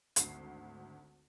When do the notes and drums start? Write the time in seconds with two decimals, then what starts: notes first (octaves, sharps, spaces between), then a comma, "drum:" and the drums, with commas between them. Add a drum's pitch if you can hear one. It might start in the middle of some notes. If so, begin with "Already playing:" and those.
0.16 G#1 D2 C7, drum: hi-hat